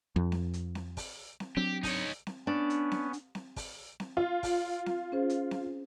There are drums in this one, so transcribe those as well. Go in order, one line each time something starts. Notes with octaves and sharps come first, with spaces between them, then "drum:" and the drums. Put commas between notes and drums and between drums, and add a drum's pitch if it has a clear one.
F2
drum: snare C4
drum: hi-hat
drum: snare C4
drum: kick, open hi-hat
drum: snare C4
F#3 C4 D4 G4
D#4 C#5, drum: kick, open hi-hat
drum: snare C4
B3 C#4 D4
drum: hi-hat
drum: snare C4
drum: hi-hat
drum: snare C4
drum: kick, open hi-hat
drum: snare C4
F4
drum: kick, open hi-hat
drum: snare C4
C#4 G#4 C5
drum: hi-hat
drum: snare C4